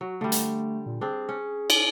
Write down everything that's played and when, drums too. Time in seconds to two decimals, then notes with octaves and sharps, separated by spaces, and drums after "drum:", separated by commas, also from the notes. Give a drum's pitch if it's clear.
0.01 F#3 F#4
0.21 D3 G3 A3
0.32 drum: hi-hat
0.86 A#2
1.01 C4 D4 G#4
1.29 C#4
1.70 drum: cymbal